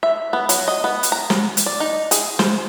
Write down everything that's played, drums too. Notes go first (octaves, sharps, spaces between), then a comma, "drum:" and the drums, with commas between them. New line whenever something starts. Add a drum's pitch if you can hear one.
E5
B3
F#3, drum: hi-hat
D#5
B3
drum: hi-hat
A#5
drum: snare
drum: hi-hat
D5
D#4
G#4, drum: hi-hat
C5, drum: snare